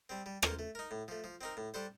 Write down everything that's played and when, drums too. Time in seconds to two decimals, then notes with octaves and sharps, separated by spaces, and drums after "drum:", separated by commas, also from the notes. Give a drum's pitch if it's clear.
0.09 G3 C4
0.26 G3
0.43 A#3 F4 A4 C5, drum: rim click
0.59 A3
0.75 D#4 A#4
0.91 A2
1.08 F3 A3
1.24 F3
1.41 C4 D#4 A#4
1.57 A2
1.74 G3 D4 A4 C5